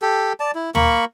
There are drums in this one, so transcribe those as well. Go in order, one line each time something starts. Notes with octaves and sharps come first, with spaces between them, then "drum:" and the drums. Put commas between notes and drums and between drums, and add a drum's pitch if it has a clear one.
G4 A4
D5 A5
E4
A#3 A#4 B5 C#6, drum: tom